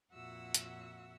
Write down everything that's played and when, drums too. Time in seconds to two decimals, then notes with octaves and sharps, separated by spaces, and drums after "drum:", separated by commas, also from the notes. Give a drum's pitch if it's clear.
0.13 F2 A#2 F#4 E5 F#5 E6
0.54 drum: hi-hat